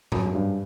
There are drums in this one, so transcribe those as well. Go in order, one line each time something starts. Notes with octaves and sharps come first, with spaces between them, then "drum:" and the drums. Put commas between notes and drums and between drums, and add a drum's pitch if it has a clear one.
F#2, drum: tom G#2
G2